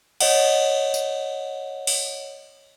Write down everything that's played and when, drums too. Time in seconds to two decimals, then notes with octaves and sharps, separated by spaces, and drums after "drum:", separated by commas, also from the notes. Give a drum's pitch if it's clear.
0.20 C#5 D#5 F#5, drum: cymbal
0.94 drum: tambourine
1.87 drum: open hi-hat